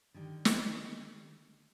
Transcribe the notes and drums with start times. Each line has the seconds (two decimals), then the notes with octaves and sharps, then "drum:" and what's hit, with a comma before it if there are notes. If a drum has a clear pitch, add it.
0.14 D3 D#3 G3
0.45 drum: snare